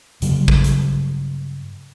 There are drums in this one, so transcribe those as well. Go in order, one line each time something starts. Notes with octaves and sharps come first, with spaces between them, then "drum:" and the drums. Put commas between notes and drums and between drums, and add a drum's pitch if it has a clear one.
G2 C#3 F#3 G3, drum: hi-hat
drum: kick
drum: hi-hat